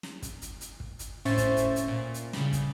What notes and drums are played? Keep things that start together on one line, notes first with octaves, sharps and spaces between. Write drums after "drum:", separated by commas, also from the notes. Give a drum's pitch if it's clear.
drum: snare
drum: kick, hi-hat
drum: hi-hat
drum: hi-hat
drum: kick
drum: hi-hat
A2 C#4 C5 E5 C#6 A6
drum: kick, hi-hat
drum: hi-hat
drum: hi-hat
A#2
drum: hi-hat
C#3 G3, drum: snare
drum: kick, hi-hat